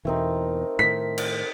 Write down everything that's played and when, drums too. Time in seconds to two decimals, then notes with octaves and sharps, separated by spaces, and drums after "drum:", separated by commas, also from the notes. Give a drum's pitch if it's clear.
0.05 E2 B2 E3 A3 C4 D#4 A#4
0.79 A2 D#3 B6
1.18 drum: cymbal